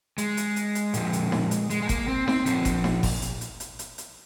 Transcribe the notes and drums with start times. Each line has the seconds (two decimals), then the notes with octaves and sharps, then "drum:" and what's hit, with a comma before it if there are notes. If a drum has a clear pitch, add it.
0.18 G#3, drum: hi-hat
0.37 drum: hi-hat
0.56 drum: hi-hat
0.75 drum: hi-hat
0.94 A#2 F3, drum: hi-hat
1.13 drum: hi-hat
1.32 drum: snare D#4
1.51 drum: hi-hat
1.70 G#3, drum: hi-hat
1.82 G#3
1.89 A#3, drum: kick G1, hi-hat
2.08 C4
2.28 C4, drum: snare D#4
2.46 A#2 F3 C4, drum: hi-hat
2.65 drum: kick G1, hi-hat
2.84 drum: snare D#4
3.03 drum: kick G1, open hi-hat
3.22 drum: hi-hat
3.41 drum: hi-hat
3.60 drum: hi-hat
3.79 drum: hi-hat
3.98 drum: hi-hat